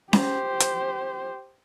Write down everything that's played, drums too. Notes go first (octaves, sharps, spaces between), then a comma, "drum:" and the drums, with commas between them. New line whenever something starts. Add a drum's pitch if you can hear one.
G4 C5, drum: snare C#4
drum: hi-hat